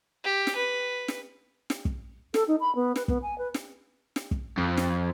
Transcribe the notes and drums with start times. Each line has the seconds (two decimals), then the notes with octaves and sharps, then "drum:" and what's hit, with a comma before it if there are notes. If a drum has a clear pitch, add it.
0.24 G4
0.47 drum: snare
0.56 B4
1.08 drum: snare
1.70 drum: snare
1.85 drum: kick
2.34 A4, drum: snare
2.48 D#4
2.60 B5
2.75 B3
2.96 B4, drum: snare
3.08 B3, drum: kick
3.22 G#5
3.38 B4
3.54 drum: snare
4.16 drum: snare
4.31 drum: kick
4.58 F2
4.77 drum: snare